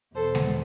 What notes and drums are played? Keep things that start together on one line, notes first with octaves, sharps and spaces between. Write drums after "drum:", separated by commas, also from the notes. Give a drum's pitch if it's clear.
E2 B2 A4 C5
drum: snare G#3